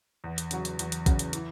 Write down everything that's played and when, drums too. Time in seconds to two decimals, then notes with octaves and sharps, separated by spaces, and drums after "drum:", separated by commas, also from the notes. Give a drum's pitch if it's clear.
0.24 E2
0.38 drum: hi-hat
0.51 C#3 F#3, drum: hi-hat
0.65 drum: hi-hat
0.79 E2, drum: hi-hat
0.92 drum: hi-hat
1.06 C#3 F#3, drum: kick, hi-hat
1.19 drum: hi-hat
1.33 E3, drum: hi-hat